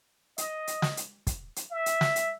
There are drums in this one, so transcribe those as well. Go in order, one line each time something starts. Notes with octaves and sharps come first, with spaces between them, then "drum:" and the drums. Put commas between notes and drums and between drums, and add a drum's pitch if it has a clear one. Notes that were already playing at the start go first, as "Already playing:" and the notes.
D#5, drum: hi-hat
drum: hi-hat
drum: snare
drum: hi-hat
drum: kick, hi-hat
drum: hi-hat
E5
drum: hi-hat
drum: snare
drum: hi-hat